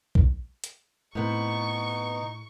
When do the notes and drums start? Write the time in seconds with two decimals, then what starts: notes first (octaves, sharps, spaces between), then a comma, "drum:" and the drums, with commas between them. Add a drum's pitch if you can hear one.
0.15 drum: kick
0.64 drum: hi-hat
1.15 A2 C3 B3 D#4 C#6